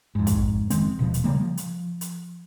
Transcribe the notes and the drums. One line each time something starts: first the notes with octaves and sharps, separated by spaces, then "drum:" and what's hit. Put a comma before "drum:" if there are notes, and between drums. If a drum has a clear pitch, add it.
F2 G#2
drum: kick, hi-hat
F1 D#3 G#3 C4, drum: hi-hat
D#1 B2 F3
drum: hi-hat
C#3 F3 G3 A#3
F3
drum: hi-hat
drum: hi-hat